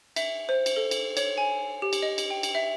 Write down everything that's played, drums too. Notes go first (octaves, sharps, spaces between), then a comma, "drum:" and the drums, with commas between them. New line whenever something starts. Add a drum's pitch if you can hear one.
E5, drum: cymbal
C5
drum: cymbal
A4
drum: cymbal
C#5, drum: cymbal
G#5
G4
drum: cymbal
D#5
drum: cymbal
G5
drum: cymbal
E5